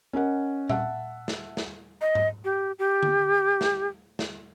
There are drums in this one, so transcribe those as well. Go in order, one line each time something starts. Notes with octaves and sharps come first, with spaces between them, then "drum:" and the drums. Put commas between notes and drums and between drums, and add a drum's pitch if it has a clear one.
C#4 A#4 D#5 F#5
E5 F#5 A5, drum: tom A#2
drum: snare
drum: snare
D#5
drum: tom G#2
G4
G4
drum: tom D3
drum: snare
drum: snare